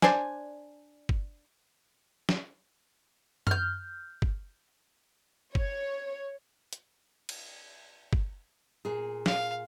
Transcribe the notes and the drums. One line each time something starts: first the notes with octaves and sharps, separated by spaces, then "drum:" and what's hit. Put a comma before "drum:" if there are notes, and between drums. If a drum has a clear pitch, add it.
D4 C5 D5 G#5, drum: snare
drum: kick G1
drum: snare
F6 G6, drum: tom F#2
drum: kick G1
C#5, drum: kick G1
drum: hi-hat
drum: cymbal
drum: kick G1
A#2 G#4
F5, drum: snare